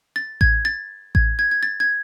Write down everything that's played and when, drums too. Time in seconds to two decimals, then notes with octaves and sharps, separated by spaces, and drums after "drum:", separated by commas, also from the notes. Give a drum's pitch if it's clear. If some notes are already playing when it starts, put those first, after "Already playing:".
0.16 A6
0.41 G#6, drum: kick A1
0.65 A6
1.15 G#6, drum: kick A1
1.39 G#6
1.51 G#6
1.63 A6
1.80 G#6